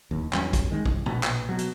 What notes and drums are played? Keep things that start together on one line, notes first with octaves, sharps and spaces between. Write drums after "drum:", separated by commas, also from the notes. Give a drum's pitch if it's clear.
D1 D#2
E2 G2 F#3 C#4, drum: clap
drum: kick, hi-hat
D#3 G#3
C2, drum: kick
A#1 B2 B3, drum: tom
drum: clap
B2 F#3
drum: hi-hat